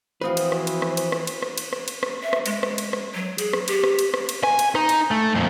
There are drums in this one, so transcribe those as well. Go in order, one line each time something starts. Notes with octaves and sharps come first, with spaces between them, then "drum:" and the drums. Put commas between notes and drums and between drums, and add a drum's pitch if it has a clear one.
E3 F3 C4 F#4 B4 C5 D#6
drum: cymbal
drum: rim click
drum: cymbal
drum: rim click
drum: cymbal
drum: rim click
drum: cymbal
drum: rim click
drum: cymbal
drum: rim click
drum: cymbal
drum: rim click
E5
drum: rim click
G#3, drum: cymbal
drum: rim click
drum: cymbal
drum: rim click
F#3
G#4, drum: cymbal
drum: rim click
G4, drum: cymbal
drum: rim click
drum: cymbal
drum: rim click
drum: cymbal
G#5, drum: rim click
drum: cymbal
D#4, drum: rim click
drum: cymbal
A3
F2 A#2